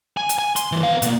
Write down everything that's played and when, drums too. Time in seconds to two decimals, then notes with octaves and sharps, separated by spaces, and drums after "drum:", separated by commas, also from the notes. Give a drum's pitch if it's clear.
0.17 G#5
0.29 drum: hi-hat
0.38 G#5
0.56 C6, drum: hi-hat
0.72 G2 E3
0.83 B3 F5
1.02 B2 A#3, drum: hi-hat